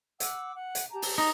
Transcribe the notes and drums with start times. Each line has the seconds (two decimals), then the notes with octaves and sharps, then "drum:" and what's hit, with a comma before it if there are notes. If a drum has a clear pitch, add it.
0.20 F#5 D6 E6, drum: hi-hat
0.55 F#5
0.75 drum: hi-hat
0.92 G4 A5 A#5
1.02 drum: open hi-hat
1.18 D#4